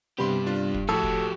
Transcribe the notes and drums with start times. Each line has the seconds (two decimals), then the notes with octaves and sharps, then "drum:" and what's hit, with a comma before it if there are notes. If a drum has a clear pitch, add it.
0.19 G2 C3 G3 B3 G4 C5 B5 C6
0.47 D4 F4
0.74 drum: kick
0.89 A2 F3 F#4 G4 A4
1.03 drum: kick